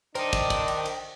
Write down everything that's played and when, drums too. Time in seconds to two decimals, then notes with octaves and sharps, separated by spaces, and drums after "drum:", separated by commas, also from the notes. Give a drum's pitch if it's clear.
0.15 D4 A#4 C5 D#5 G5, drum: cymbal
0.33 drum: kick, cymbal
0.50 drum: kick, cymbal
0.68 drum: cymbal
0.85 drum: cymbal